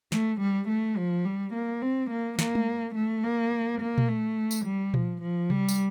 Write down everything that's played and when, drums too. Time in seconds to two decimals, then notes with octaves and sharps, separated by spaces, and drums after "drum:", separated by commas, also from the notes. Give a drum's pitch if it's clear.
0.12 A3, drum: snare
0.40 G3
0.69 A3
0.97 F3
1.25 G3
1.54 A#3
1.82 C4
2.10 A#3
2.39 A#3, drum: snare
2.55 drum: tom G#3
2.95 A3
3.24 A#3
3.81 A#3
3.98 drum: tom A#2
4.08 A3
4.51 drum: tambourine
4.65 G3
4.94 F3, drum: tom A#2
5.22 F3
5.50 G3, drum: tom C3
5.68 drum: tambourine